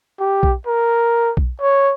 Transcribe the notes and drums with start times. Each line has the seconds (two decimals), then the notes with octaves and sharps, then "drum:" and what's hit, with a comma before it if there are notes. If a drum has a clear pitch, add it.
0.20 G4
0.43 drum: kick B1
0.66 A#4
1.37 drum: kick B1
1.61 C#5